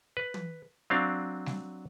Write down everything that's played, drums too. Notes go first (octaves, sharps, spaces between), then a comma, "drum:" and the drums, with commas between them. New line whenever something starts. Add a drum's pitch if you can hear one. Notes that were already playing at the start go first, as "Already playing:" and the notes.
B4
drum: tom
F#3 C4 D4 F5
drum: snare G3